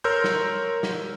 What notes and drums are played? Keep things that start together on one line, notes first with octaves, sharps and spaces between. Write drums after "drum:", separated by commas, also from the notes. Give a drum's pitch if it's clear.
A#4 C#5 C6 E6 F6 G6
drum: snare
drum: snare